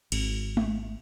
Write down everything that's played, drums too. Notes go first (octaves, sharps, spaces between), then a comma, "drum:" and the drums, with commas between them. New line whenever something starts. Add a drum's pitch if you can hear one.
G#1, drum: cymbal
drum: tom G#3